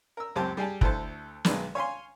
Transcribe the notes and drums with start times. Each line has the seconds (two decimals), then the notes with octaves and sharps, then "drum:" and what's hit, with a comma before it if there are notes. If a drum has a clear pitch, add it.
0.17 A#4 E6
0.35 C#2 F#2 C4 G4 A5
0.57 G3 G4 G#4 G5 A5
0.81 D2 E4 A4 C5 A5, drum: kick
1.45 B1 D#3 G#3 B4 D5, drum: snare
1.75 C#5 F5 G#5 C6